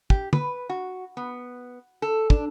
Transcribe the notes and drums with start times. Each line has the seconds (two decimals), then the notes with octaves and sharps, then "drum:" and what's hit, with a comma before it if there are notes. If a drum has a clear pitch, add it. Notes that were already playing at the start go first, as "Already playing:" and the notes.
0.10 G4, drum: kick
0.33 B4, drum: tom
0.69 F#4
1.17 B3
2.02 A4
2.30 D4, drum: kick